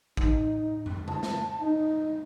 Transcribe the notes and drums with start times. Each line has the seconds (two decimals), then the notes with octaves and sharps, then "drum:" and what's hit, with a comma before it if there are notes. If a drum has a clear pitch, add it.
0.17 D#4, drum: kick A1
0.86 drum: tom
1.08 A5, drum: tom C#3
1.23 drum: snare
1.60 D#4